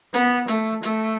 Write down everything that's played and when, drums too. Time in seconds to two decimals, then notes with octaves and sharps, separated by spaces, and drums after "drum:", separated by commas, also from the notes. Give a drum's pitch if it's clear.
0.14 B3, drum: hi-hat
0.48 A3, drum: hi-hat
0.83 A3, drum: hi-hat